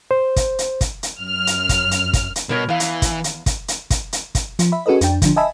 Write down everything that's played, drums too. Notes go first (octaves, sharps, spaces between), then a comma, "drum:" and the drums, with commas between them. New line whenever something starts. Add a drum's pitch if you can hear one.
C5
drum: kick, hi-hat
drum: hi-hat
drum: kick, hi-hat
drum: hi-hat
F#2 F6
drum: hi-hat
drum: kick, hi-hat
drum: hi-hat
drum: kick, hi-hat
drum: hi-hat
B2 G3 A#4 C#5
E2 E3 F5
drum: hi-hat
drum: kick, hi-hat
drum: hi-hat
drum: kick, hi-hat
drum: hi-hat
drum: kick, hi-hat
drum: hi-hat
drum: kick, hi-hat
F3, drum: hi-hat
E5 B5
C#4 F#4 G#4 A4 B4 D#5
F2 D4 G5, drum: hi-hat
D3 F3 D4, drum: kick, hi-hat
D#5 E5 G#5 A5 B5 E6